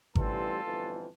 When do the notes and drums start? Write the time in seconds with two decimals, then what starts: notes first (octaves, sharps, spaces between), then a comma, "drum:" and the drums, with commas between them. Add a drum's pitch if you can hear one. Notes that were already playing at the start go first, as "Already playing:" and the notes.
0.15 A1 G2 E3 G3 C4 F4 A4, drum: kick G#1
0.62 G1 F2 E3